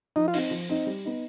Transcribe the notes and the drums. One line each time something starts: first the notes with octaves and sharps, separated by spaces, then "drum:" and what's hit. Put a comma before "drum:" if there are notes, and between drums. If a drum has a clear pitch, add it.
F3 D#4
F4
C4 D#4, drum: open hi-hat
F3
C4 D#4
G3
B3 D#4